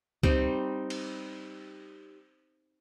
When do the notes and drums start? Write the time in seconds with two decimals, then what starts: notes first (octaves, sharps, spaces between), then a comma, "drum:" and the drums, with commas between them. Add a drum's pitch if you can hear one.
0.23 G3 C4 D#4, drum: kick C#2
0.90 drum: cymbal